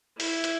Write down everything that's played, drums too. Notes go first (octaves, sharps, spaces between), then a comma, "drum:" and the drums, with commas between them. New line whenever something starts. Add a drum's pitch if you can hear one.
E4, drum: open hi-hat
drum: hi-hat